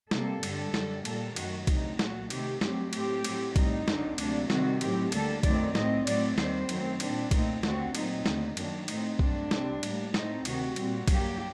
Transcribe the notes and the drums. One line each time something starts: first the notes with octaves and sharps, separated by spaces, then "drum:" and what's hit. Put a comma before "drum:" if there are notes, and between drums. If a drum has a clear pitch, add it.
C3 G3 A#3 A4, drum: snare
G2 D3 G3, drum: cymbal
F#2 D3 G3, drum: snare
A#2 G3 A#3 A4, drum: cymbal
F#2 D#3 A3 F#4, drum: cymbal
D2 C3 F#3 D#4, drum: kick B1, cymbal
A#2 F#3 A3 F#4, drum: snare
C3 D#3 A3 C4 G4, drum: cymbal
G2 F#3 A3 C4 G4, drum: snare
A2 A3 C4 G4, drum: cymbal
A2 F#3 C4, drum: cymbal
A2 G3 C4 D#4, drum: kick B1, cymbal
F#2 D3 F#3 C4, drum: snare
D2 C3 F#3 A#3 D4, drum: cymbal
C3 D#3 G3 C4 F#4, drum: snare
A2 F#3 C4 G4, drum: cymbal
D2 D3 G3 A#3 A4, drum: cymbal
F#2 D#3 A3 C4 D5, drum: kick B1, cymbal
A2 F#3 C4 D#5, drum: snare
A2 F#3 A3 C4 D5, drum: cymbal
D#2 D#3 G3 C4 C5, drum: snare
F#2 D#3 F#3 A3 C4, drum: cymbal
A#2 G3 C4 D4, drum: cymbal
A#2 A3 C4 D#4, drum: kick B1, cymbal
D#2 D3 A3 C4 F#4, drum: snare
A#2 F#3 A3 C4 D#4, drum: cymbal
D#2 D3 A3, drum: snare
F#2 D#3 F#3 A#3 D4, drum: cymbal
A2 A3 C4 D#4, drum: cymbal
G2 F#3 A3 D4, drum: kick B1
C3 G3 C4, drum: snare
A2 G3 A#3, drum: cymbal
A2 A3 C4 D#4, drum: snare
D2 C3 D#3 F#4, drum: cymbal
A#2 G3 C4, drum: cymbal
G2 F#3 A#3 G4, drum: kick B1, cymbal